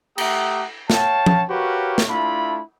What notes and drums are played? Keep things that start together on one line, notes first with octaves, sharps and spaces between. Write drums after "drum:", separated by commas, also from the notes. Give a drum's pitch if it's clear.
A3 G4 E5 F#5 A#5 D#6, drum: cymbal
C#5 F5 G5 A5, drum: snare
drum: tom F3
F#4 G4 A#4 B4 C#5 F5
drum: snare
A3 D4 E4 F4 B5